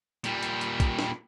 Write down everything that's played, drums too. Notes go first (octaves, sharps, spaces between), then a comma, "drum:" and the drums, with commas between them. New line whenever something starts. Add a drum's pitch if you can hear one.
A#2 G3, drum: hi-hat
drum: hi-hat
drum: hi-hat
drum: kick, hi-hat
drum: snare